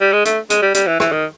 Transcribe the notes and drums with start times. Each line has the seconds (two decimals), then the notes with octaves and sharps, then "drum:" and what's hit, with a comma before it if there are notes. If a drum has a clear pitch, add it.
0.01 G3
0.13 G#3
0.25 A3, drum: hi-hat
0.50 G#3, drum: hi-hat
0.62 G3
0.74 G3, drum: hi-hat
0.87 E3
1.00 E3, drum: rim click
1.12 D#3